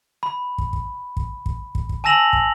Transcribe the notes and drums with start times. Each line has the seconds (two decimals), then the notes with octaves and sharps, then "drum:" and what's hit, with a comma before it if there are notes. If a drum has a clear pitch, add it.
0.23 B5
0.58 drum: kick
0.73 drum: kick
1.17 drum: kick
1.46 drum: kick
1.75 drum: kick
1.89 drum: kick
2.04 G#5 A5 E6 A#6 F7 F#7
2.33 drum: kick